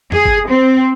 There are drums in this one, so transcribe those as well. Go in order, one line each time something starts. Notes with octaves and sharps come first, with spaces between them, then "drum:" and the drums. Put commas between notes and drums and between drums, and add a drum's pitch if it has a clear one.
G#4, drum: tom F2
drum: kick
C4